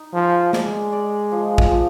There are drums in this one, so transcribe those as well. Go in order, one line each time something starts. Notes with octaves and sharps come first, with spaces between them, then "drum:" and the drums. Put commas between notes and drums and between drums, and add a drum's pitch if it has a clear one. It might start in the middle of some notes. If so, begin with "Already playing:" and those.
Already playing: D#4
F3 G#4
G#3 D5, drum: snare
D5
F3
drum: kick
F3